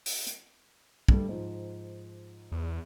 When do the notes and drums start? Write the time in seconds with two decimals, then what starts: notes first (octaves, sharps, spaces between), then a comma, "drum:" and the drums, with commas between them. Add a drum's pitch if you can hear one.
0.06 drum: open hi-hat
0.27 drum: hi-hat
1.08 G2 G3 A3, drum: kick
1.29 G#2 F3
2.52 E2